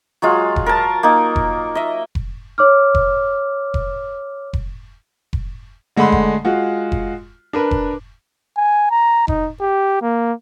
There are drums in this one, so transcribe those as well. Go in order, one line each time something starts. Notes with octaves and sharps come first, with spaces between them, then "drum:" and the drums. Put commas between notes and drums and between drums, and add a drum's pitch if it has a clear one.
F#3 G#3 F4
drum: kick F1
A#4 A5
A#3 D#4
drum: kick F1
D#5 E5
drum: kick F1
C#5 D6 F6
drum: kick F1
drum: kick F1
drum: kick F1
drum: kick F1
D3 G#3 A3 F#5 B5 C6
drum: kick F1
G#3 F4 F#4
drum: kick F1
D4 A#4 B4
drum: kick F1
G#5
A#5
D#4, drum: kick F1
G4
A#3